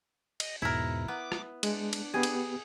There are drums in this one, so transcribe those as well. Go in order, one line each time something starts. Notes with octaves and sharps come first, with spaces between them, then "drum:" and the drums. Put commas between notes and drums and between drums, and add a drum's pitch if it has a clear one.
D#5, drum: cymbal
E2 G#2 B2 E4 A#4
B3 D6
drum: rim click
G#3 D4, drum: cymbal
drum: cymbal
B3 G4 G#4
drum: cymbal